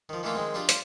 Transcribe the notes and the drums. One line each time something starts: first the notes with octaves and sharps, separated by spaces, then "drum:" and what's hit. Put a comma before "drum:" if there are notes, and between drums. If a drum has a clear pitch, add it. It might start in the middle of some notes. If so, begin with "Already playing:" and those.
D#3 F3
D#3 E3 A3 A#3 E4 F4
D#3 G#3 C4
D4 D#4 F4 G4 D5
D5 F5 A5 C6 D6, drum: hi-hat